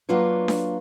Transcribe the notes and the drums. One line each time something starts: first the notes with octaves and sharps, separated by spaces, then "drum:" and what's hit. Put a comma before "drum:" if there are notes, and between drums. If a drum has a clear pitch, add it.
F#3 A#3 D4 F4 B4 C#5
drum: snare D4